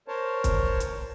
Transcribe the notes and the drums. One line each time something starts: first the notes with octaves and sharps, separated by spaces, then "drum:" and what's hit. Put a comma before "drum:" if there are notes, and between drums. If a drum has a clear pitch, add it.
A#4 C5 C#5 A5
drum: kick, hi-hat
drum: hi-hat